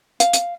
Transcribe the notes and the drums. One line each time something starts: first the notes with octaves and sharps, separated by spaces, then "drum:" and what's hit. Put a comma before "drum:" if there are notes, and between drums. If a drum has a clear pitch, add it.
F5, drum: hi-hat
drum: hi-hat